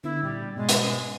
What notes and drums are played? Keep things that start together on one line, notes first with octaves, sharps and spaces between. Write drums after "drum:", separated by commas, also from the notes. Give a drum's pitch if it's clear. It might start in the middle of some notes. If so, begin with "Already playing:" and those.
D3 B3 E4
A#2 G3
G#2 B2 G#3
drum: hi-hat